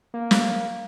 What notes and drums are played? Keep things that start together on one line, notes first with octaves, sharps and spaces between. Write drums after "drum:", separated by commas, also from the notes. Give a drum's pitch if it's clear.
A#3
drum: snare